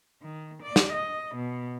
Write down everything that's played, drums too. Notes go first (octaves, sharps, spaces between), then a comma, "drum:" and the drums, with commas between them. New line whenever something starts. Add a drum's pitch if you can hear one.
D#3
D5
drum: snare
D#5
B2